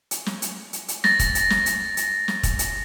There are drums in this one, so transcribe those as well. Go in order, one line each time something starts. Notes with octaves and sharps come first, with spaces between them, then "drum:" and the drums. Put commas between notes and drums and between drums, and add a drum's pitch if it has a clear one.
drum: hi-hat
drum: snare
drum: hi-hat
drum: hi-hat
drum: hi-hat
A6 A#6, drum: snare
drum: kick, hi-hat
drum: hi-hat
drum: snare
drum: hi-hat
drum: hi-hat
drum: snare
drum: kick, hi-hat
drum: hi-hat